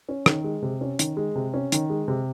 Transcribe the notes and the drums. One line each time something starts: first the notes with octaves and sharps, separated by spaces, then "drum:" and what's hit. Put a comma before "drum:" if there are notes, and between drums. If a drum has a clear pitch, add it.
C#4
D#3, drum: rim click
G#3
C3
C#4
D#3, drum: hi-hat
G#3
C3
C#4
D#3, drum: hi-hat
G#3
C3